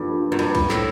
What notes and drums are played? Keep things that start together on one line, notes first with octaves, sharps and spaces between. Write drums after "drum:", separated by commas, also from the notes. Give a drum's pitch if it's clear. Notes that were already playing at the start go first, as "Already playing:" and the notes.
Already playing: G2 F3 A#3 D4 F4 A4
F#2
G2, drum: cymbal
drum: kick, cymbal
A2, drum: clap